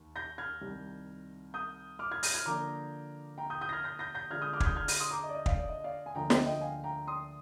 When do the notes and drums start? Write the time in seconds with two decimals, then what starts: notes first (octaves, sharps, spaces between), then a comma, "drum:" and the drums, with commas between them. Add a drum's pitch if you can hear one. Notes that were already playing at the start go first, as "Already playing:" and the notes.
Already playing: D#2 D#3
0.16 G6 A#6
0.38 F6 G#6
0.61 C2 C3 D#3 G3
1.54 D#6 G6
1.99 D6 F6
2.11 F6 G#6
2.23 G6 A#6, drum: open hi-hat
2.34 F6 G#6
2.46 D3 F3 A#3 D4 A#5 D6
3.38 G5 A#5
3.50 D#6 G6
3.61 D#6 G6
3.69 A#6
3.73 F6 G#6
3.84 G6 A#6
3.99 G6 A#6
4.15 G6 A#6
4.31 D3 G#3 D4 F4 F6 G#6
4.41 D#6 G6
4.53 D6 F6
4.60 G#6, drum: kick
4.65 D#6 G6
4.76 F6 G#6
4.88 G6 A#6, drum: open hi-hat
5.00 C6 D#6
5.11 A#5 D6
5.23 D#5
5.29 D5
5.34 D#5
5.46 D5 F5, drum: kick
5.57 D5
5.69 D#5
5.84 D5 F5
6.06 G#5
6.15 D2 D3 F3 A#3 G5 A#5
6.30 D#5 G5, drum: snare
6.46 D#5 G5
6.61 F5 G#5
6.84 G5 A#5
7.07 C6 D#6